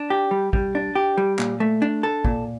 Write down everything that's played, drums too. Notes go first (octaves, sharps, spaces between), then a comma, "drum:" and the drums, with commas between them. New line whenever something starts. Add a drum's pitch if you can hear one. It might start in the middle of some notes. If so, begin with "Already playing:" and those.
Already playing: D4
G4
G3
G3, drum: kick
D4
G4
G3
A#2, drum: clap
A3
D4
A4
A#2, drum: kick